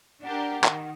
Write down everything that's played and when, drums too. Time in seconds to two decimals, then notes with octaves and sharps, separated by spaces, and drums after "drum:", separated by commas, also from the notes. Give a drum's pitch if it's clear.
0.23 D4 G4 A#4 F#5
0.64 D#3, drum: clap